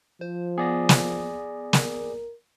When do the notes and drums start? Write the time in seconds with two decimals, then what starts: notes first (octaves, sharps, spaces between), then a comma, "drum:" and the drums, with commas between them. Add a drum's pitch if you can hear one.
0.21 F3 C5
0.58 B3 G#4 D5 A#6
0.89 drum: snare
1.73 A#4, drum: snare